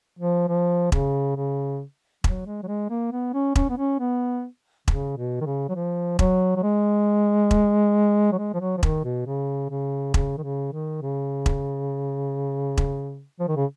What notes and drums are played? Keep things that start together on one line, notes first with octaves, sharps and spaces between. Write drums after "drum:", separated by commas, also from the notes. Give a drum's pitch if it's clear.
F3
F3
C#3, drum: kick E1
C#3
F#3, drum: kick E1
G#3
F#3
G#3
A#3
B3
C#4
C#4, drum: kick E1
B3
C#4
B3
C#3, drum: kick E1
B2
D#3
C#3
F#3
F3
F#3, drum: kick E1
F#3
G#3
drum: kick E1
F#3
G#3
F3
F#3
F3
D#3, drum: kick E1
B2
C#3
C#3
C#3, drum: kick E1
D#3
C#3
D#3
C#3
drum: kick E1
drum: kick E1
F3
D#3
C#3